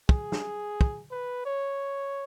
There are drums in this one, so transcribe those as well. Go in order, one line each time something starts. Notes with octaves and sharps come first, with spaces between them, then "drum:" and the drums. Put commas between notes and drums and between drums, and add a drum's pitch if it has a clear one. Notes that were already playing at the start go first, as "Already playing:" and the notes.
G#4, drum: kick
drum: snare
drum: kick
B4
C#5